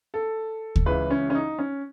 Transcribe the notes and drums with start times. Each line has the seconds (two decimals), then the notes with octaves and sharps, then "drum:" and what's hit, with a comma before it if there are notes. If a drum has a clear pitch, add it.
0.14 A4
0.76 drum: kick D2
0.86 C#2 C#3 E3 B4
1.10 C#4
1.30 C#4
1.35 D#4
1.59 C#4